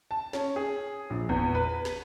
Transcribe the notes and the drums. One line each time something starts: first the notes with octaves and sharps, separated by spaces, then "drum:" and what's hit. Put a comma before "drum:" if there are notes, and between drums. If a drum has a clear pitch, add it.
A5
C#4, drum: snare
G#4
A#1
E2, drum: kick
B4
drum: snare